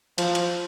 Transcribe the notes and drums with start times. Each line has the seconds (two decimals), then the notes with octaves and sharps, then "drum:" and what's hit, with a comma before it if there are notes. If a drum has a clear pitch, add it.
0.18 F3, drum: cymbal
0.35 drum: cymbal